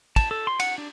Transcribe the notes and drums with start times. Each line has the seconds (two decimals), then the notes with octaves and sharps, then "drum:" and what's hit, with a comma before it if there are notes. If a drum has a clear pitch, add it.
0.16 A5, drum: kick, cymbal
0.31 A4
0.47 C6
0.60 F#5, drum: cymbal
0.78 D4